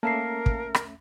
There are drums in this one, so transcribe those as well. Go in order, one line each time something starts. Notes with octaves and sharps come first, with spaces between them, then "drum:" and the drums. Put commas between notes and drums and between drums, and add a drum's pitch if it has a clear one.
A3 A#3 C#4 A#4 E5 A5 C7
drum: kick
drum: rim click